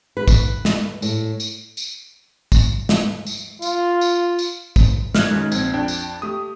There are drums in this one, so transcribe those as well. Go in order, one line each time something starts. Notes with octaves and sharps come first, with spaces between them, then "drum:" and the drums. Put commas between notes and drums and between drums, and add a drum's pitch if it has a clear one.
B4
drum: kick, tambourine
drum: snare
A2, drum: tambourine
drum: tambourine
drum: tambourine
drum: kick, tambourine
drum: snare
drum: tambourine
F4, drum: tambourine
drum: tambourine
drum: tambourine
drum: kick, tambourine
F6 F#6 G#6, drum: snare
F#2 D#3 G#3
A#1 C4 G#6, drum: tambourine
F2 D4 G5
drum: tambourine
A3 G4 D#6